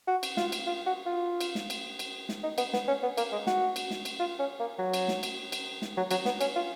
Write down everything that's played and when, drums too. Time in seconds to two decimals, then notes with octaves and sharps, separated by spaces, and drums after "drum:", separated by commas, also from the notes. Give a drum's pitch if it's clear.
0.08 F#4
0.23 drum: cymbal
0.37 F4, drum: snare
0.52 drum: cymbal
0.67 F4
0.86 F#4
1.06 F4
1.41 drum: cymbal
1.55 drum: snare
1.70 drum: cymbal
1.99 drum: cymbal
2.29 drum: snare
2.43 D#4
2.58 B3, drum: cymbal
2.74 B3, drum: snare
2.88 C#4
3.03 B3
3.18 A#3, drum: cymbal
3.32 G#3
3.47 F#4, drum: snare
3.76 drum: cymbal
3.91 drum: snare
4.05 drum: cymbal
4.19 F4
4.39 C#4
4.60 A#3
4.79 F#3
4.94 drum: cymbal
5.08 drum: snare
5.23 drum: cymbal
5.52 drum: cymbal
5.82 drum: snare
5.97 F#3
6.11 F#3, drum: cymbal
6.25 B3, drum: snare
6.41 C#4, drum: cymbal
6.56 F4